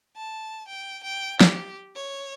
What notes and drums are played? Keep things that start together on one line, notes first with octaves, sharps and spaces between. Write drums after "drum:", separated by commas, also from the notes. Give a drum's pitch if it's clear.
A5
G5
G5
G4, drum: snare
C#5